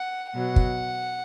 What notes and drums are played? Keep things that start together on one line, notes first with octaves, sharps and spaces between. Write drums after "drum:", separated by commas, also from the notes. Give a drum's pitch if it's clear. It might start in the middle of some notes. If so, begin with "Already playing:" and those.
Already playing: F#5
B2 F#3 F#5
drum: kick